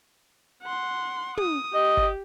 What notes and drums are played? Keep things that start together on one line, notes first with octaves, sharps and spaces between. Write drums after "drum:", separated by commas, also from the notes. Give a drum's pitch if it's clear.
F#5 C6
D#6, drum: tom
G4 D#5
drum: kick G1